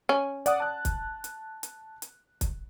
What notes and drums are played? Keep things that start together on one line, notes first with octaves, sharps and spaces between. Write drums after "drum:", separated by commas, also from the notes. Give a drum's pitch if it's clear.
C#4
D5 F#5 D#6, drum: hi-hat
A5 F#6
drum: kick, hi-hat
drum: hi-hat
drum: hi-hat
drum: hi-hat
drum: kick, hi-hat